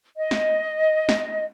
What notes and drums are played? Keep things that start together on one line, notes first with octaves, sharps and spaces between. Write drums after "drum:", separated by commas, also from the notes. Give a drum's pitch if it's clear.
D#5
drum: snare
drum: snare